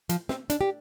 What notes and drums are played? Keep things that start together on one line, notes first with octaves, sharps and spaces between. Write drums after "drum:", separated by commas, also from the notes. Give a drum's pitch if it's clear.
F3, drum: hi-hat
C4, drum: snare
D4, drum: hi-hat
G4